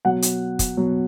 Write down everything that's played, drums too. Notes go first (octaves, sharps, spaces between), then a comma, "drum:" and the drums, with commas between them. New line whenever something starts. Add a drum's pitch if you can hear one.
B2 F#3 F#5
drum: hi-hat
drum: kick, hi-hat
B2 F#3